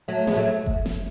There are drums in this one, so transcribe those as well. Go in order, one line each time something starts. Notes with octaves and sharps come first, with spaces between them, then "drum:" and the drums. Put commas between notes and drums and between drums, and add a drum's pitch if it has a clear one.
F#3 A3
G#3 B3, drum: snare
F#3 A3
drum: kick F#1
drum: snare